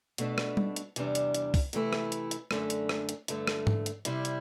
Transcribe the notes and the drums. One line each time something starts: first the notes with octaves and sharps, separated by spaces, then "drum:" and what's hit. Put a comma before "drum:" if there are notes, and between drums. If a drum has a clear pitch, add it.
B2 A3 D4, drum: hi-hat
drum: rim click
drum: tom G3
drum: hi-hat
E2 C3 G3 D4, drum: hi-hat
drum: hi-hat
drum: hi-hat
drum: kick, open hi-hat
C3 E3 A3 E4, drum: hi-hat
drum: rim click
drum: hi-hat
drum: hi-hat
F#2 D3 A3 D4, drum: rim click
drum: hi-hat
drum: rim click
drum: hi-hat
G2 D3 A3, drum: hi-hat
drum: rim click
drum: tom G#2
drum: hi-hat
C3 G3 C4 E4, drum: hi-hat
drum: hi-hat